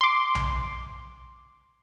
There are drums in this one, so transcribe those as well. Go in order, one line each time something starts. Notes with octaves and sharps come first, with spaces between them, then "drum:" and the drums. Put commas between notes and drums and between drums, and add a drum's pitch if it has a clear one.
C6 D6
drum: tom B1